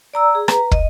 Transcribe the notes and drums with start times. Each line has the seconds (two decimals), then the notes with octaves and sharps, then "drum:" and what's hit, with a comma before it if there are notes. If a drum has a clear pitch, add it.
0.14 D5 A#5 E6
0.35 G#4
0.48 B4 A#5, drum: rim click
0.71 D#5, drum: kick